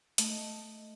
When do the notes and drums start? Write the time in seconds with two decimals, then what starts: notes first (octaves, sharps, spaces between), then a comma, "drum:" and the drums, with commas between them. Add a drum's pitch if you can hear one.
0.18 A3 D#4, drum: hi-hat